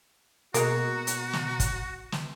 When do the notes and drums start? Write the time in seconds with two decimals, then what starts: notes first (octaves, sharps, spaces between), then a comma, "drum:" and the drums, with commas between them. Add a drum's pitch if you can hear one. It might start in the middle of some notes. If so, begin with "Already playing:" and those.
0.54 B2 G#3 A#3 F#4 A#5, drum: hi-hat
1.07 drum: hi-hat
1.33 drum: snare
1.60 drum: kick, hi-hat
2.12 drum: snare